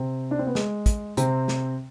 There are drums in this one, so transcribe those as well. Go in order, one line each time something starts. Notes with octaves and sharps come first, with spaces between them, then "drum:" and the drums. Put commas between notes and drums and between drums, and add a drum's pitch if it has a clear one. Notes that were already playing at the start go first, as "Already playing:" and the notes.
Already playing: C3 C4
D4
C4
B3
G#3, drum: snare
drum: kick, hi-hat
C3 C4, drum: hi-hat
drum: snare